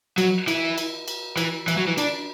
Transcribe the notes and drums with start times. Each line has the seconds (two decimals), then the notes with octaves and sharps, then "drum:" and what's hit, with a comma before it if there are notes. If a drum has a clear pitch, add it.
0.18 F#3, drum: cymbal
0.48 E3, drum: cymbal
0.78 drum: cymbal
1.08 drum: cymbal
1.37 E3, drum: cymbal
1.68 E3, drum: cymbal
1.78 F#3
1.88 E3
1.98 D4, drum: cymbal